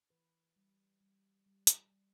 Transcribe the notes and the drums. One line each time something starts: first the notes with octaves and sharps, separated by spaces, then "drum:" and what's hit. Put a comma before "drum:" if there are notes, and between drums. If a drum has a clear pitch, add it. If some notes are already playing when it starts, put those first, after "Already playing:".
E3 B4
G3
G3
G3
drum: hi-hat
G3